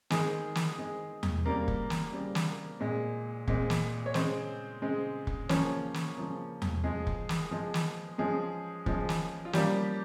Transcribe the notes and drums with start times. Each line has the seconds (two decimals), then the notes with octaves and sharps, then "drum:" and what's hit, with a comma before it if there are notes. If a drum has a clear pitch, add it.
0.10 D#3 G#3 C4 G#4, drum: snare
0.55 drum: snare
0.78 D#3 G#3 C4
1.23 drum: tom E2
1.45 C#3 G3 A#3 C4 A#4
1.68 drum: kick
1.90 drum: snare
2.12 C#3 G3 C4
2.35 drum: snare
2.80 A#2 G#3 C4
3.48 A#2 G#3 C4, drum: kick
3.70 drum: snare
4.06 C#5
4.14 C#3 G#3 C4 C5, drum: snare
4.82 C#3 G#3 C4
5.27 drum: kick
5.49 C#3 F3 A#3 C#4 C#5, drum: snare
5.94 drum: snare
6.16 C#3 F3 A#3
6.62 drum: tom E2
6.84 F3 G#3 C4 G#4
7.07 drum: kick
7.29 drum: snare
7.51 F3 G#3 C4
7.74 drum: snare
8.18 F3 G#3 C#4 G#4
8.86 F3 G#3 C#4, drum: kick
9.09 drum: snare
9.45 F4
9.53 F3 G3 A#3 C#4 G4, drum: snare